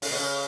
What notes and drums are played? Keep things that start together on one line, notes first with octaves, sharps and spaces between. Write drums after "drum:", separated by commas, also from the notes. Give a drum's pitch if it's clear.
C#3, drum: open hi-hat
B2
C#3